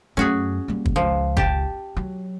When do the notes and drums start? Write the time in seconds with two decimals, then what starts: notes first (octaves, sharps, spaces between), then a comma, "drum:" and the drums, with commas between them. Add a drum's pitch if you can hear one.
0.17 F#2 A3 C#4 F#4 G#4
0.68 G3 A#3
0.86 drum: kick
0.96 C#2 F3
1.37 G4 A5, drum: kick
1.97 F#3